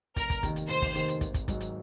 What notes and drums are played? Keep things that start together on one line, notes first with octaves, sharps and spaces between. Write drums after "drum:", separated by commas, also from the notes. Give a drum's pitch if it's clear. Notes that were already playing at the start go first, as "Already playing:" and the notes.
F1 A#4, drum: kick, hi-hat
drum: kick, hi-hat
D#2 D#3, drum: kick, hi-hat
drum: hi-hat
F1 C5, drum: hi-hat
drum: kick, open hi-hat
D#2 D#3, drum: hi-hat
drum: hi-hat
G#1, drum: kick, hi-hat
drum: kick, hi-hat
G#2 F#3, drum: kick, hi-hat
drum: hi-hat